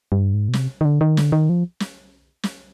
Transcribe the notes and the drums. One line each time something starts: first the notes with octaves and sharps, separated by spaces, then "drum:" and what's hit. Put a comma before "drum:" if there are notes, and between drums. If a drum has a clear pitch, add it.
G2
G#2
B2
C3, drum: snare
D#3
D3
D#3
D3, drum: snare
D#3
F3
drum: snare
drum: snare